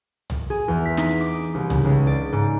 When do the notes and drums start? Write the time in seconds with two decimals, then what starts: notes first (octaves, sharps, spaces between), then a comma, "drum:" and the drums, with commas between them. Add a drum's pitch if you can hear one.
0.30 drum: tom
0.50 G#4
0.68 E2
0.85 B6
0.97 D#4, drum: snare
1.21 D6
1.33 D#6
1.55 C2
1.70 C#3, drum: tom
1.85 C#2
2.07 D5
2.33 G#2